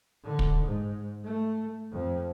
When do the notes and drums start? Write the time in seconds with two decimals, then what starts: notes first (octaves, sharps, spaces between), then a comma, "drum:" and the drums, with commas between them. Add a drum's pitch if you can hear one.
0.24 D3
0.39 drum: kick
0.64 G#2
1.24 A3
1.92 F2